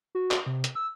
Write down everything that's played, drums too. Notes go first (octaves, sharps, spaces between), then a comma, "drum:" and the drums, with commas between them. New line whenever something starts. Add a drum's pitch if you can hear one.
F#4
drum: clap
C3
drum: hi-hat
E6